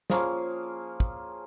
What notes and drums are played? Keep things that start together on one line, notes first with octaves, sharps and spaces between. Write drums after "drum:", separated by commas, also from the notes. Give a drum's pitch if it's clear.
F3 A#3 C#4 F4 G#4, drum: snare
drum: kick